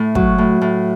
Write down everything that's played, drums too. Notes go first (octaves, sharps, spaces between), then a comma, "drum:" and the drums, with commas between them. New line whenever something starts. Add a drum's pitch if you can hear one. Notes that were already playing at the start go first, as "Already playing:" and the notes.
Already playing: A2
F#3, drum: kick
A2
A2